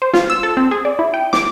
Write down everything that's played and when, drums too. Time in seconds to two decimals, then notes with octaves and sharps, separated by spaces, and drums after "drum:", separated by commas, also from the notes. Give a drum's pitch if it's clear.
0.02 C5
0.14 F4, drum: snare
0.30 E6
0.43 A4
0.57 C4
0.71 G#4
0.85 D5
0.99 E4
1.14 G5
1.33 D6, drum: snare